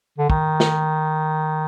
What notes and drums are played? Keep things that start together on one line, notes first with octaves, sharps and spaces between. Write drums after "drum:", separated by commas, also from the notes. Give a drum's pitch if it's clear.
D3
D#3, drum: kick
drum: snare